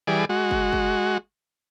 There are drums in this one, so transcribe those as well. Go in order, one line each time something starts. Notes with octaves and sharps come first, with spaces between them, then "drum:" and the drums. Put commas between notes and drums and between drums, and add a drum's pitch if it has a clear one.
E3 G3 G#4 D5
G#3 F#4
drum: kick
drum: kick